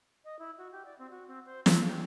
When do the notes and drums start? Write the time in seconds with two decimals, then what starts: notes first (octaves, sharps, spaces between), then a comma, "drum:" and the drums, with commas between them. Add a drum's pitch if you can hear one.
0.25 D#5
0.39 E4
0.58 F#4
0.72 G4
0.85 D5
0.99 C4
1.11 F#4
1.28 C4
1.46 C5
1.66 C4, drum: snare
1.88 G4